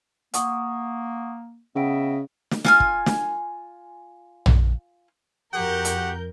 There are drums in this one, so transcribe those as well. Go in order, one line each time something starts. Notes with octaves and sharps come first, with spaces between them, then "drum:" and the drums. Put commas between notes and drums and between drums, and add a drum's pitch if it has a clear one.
A#3 F#5 C#6 D#6, drum: hi-hat
C#3 B3 D#5 E5 F#5 G5 D7
drum: snare
F4 G#5 F6, drum: snare
drum: kick
drum: snare
drum: tom A#1
F2 F#4 G4 A#4 F#5 G6
drum: hi-hat